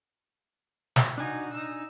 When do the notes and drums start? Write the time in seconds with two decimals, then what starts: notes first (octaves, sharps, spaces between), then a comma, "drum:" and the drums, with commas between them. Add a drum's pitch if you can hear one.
0.96 drum: snare
1.18 D4 D#4 F#4 G#5
1.52 D#4 E6